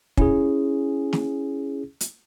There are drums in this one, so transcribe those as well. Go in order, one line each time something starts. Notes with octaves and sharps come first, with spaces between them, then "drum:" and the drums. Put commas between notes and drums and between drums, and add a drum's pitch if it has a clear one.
C#4 E4 G#4, drum: kick
drum: snare
drum: hi-hat